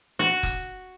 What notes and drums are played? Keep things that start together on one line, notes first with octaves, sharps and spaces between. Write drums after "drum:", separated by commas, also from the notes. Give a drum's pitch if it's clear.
F#4
drum: kick F1, hi-hat